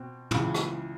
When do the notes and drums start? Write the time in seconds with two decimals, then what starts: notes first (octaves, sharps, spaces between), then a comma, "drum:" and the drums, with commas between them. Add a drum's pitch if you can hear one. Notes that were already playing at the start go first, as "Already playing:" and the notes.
Already playing: B2 C4
0.31 C#2 C#3 E3, drum: tom
0.55 drum: rim click